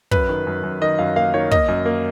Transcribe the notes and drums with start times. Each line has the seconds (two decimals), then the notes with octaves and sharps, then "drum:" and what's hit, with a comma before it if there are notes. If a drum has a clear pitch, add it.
0.11 F#2 B4, drum: kick
0.29 D#3
0.47 F#2
0.63 F#2
0.81 D#3 D#5
0.99 F#2 F5
1.16 A#3 F5
1.34 D#3 C#5
1.51 A#3 D#5, drum: kick
1.68 F#2
1.85 A#3